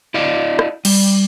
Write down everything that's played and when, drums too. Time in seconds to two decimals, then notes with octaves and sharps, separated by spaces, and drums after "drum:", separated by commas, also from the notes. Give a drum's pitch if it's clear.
0.14 E4 D5 D#5 F5
0.59 drum: rim click
0.85 G3, drum: cymbal